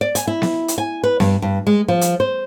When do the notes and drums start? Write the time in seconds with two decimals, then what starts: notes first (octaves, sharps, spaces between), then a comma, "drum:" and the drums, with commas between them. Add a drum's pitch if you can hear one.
0.01 D5
0.15 G#5, drum: hi-hat
0.27 E4
0.42 drum: snare B3
0.68 drum: hi-hat
0.78 G#5
1.04 B4
1.20 G2, drum: snare B3
1.42 G2
1.67 G#3
1.88 F3
2.01 drum: hi-hat
2.20 C5